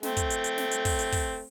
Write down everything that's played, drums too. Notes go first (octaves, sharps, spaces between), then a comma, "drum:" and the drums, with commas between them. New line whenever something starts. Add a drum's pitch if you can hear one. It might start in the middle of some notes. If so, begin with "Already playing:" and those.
A3 C4, drum: snare
drum: kick, hi-hat
drum: hi-hat
drum: hi-hat
drum: snare
drum: hi-hat
drum: kick, open hi-hat
drum: hi-hat
drum: kick, open hi-hat